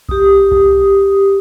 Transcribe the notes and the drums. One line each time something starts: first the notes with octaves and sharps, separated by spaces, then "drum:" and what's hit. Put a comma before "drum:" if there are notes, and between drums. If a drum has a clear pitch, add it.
G4 D#6, drum: kick B1
drum: kick B1